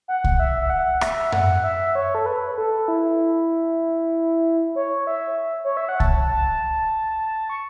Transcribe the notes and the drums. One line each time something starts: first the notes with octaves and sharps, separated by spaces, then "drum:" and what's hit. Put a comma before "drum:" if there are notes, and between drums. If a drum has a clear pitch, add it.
F#5
drum: kick C2
E5
E5
F#5
E5, drum: rim click
F#5, drum: tom F#2
E5
C#5
A4
B4
A4
E4
C#5
E5
C#5
E5
F#5
A5, drum: kick C2
A5
C#6